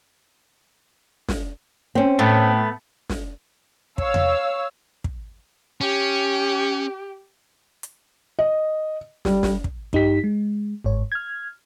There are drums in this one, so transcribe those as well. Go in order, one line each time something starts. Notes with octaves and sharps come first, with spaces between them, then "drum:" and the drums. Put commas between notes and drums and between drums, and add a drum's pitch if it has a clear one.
drum: snare
C4 C#4
A2 A3 B3
drum: snare
C#5 F5 E6, drum: kick
drum: tom E2
drum: kick
C#4 G4
drum: hi-hat
D#5
G3, drum: snare
drum: snare
drum: kick
G2 D#4 G4 B6, drum: kick
G#3
G1 G#2 C#5
F6 G#6